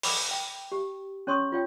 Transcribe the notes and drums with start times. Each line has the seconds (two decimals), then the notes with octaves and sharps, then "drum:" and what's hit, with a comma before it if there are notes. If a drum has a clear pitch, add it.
0.03 B5 D6 D#6, drum: open hi-hat
0.31 G5
0.72 G4
1.27 C#4 C#5 C6 C#6 D#6
1.52 F4 C#5 G5